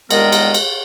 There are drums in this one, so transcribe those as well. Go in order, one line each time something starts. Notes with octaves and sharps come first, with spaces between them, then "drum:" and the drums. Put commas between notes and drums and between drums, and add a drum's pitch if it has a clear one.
G2 A#2 D#3 G#3 B3 A#4, drum: cymbal
drum: cymbal
drum: cymbal